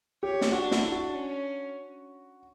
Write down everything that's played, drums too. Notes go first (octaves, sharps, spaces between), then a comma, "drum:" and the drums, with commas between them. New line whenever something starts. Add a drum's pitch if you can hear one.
G4 C#5
drum: snare
D4 F#4
E4, drum: snare
F#4
C#4